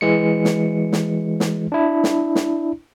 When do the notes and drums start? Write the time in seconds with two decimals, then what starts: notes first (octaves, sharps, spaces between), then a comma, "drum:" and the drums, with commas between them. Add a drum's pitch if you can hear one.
0.01 E3 G#3 C#7
0.45 drum: snare
0.92 drum: snare
1.40 drum: snare
1.72 D4 E4
2.04 drum: snare
2.35 drum: snare